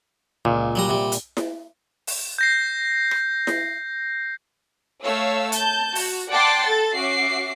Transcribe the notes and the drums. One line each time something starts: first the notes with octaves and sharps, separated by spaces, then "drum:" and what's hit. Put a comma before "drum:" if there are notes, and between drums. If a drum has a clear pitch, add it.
C#2 A#2
F#3 G3 A#5
C3 G3
drum: hi-hat
drum: snare E4
drum: open hi-hat
G6 A#6 C7
drum: rim click
drum: snare E4
A3 C#5 F5 E6
A5 G6, drum: hi-hat
F#4, drum: open hi-hat
D5 F#5 G5 A5 C6 D6
A4 A5 A6
C#4 F#4 E5 D6 C7